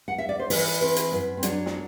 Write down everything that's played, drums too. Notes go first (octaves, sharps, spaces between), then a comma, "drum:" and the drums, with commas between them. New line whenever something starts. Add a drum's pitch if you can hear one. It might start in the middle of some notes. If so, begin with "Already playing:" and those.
F#5
E5
D5
C5
E3 B4, drum: open hi-hat
C4 B4
drum: hi-hat
F#2 B4
C4
F#3 D4, drum: hi-hat
drum: snare